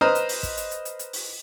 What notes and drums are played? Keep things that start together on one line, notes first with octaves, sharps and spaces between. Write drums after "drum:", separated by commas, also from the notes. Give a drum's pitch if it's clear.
B4 C5 D#5 A#5 D#6 F6
drum: hi-hat
drum: open hi-hat
drum: kick, hi-hat
drum: hi-hat
drum: hi-hat
drum: hi-hat
drum: hi-hat
drum: open hi-hat